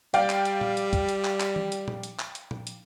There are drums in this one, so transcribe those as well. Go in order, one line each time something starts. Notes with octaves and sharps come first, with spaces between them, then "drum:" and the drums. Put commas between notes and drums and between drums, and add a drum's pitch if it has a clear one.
G3 D5 F5 G5, drum: hi-hat
drum: clap
drum: hi-hat
drum: tom A#2
drum: hi-hat
drum: kick, hi-hat
drum: hi-hat
drum: clap
drum: clap
drum: tom E3
drum: hi-hat
drum: tom A#2
drum: hi-hat
drum: clap
drum: hi-hat
drum: tom A#2
drum: hi-hat